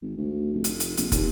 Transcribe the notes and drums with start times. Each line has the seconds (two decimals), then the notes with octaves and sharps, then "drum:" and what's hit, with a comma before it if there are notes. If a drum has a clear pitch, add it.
0.02 G#1
0.17 D2
0.53 F1
0.64 drum: hi-hat
0.80 drum: hi-hat
0.97 A#1, drum: hi-hat
1.12 D#2, drum: kick, hi-hat